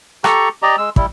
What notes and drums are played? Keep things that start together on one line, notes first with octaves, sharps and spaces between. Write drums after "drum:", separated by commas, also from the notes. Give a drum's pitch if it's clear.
G4 A4 A#5 C#6, drum: rim click
G4 D5 D#5 A#5
G#3 E6
G3 E4, drum: kick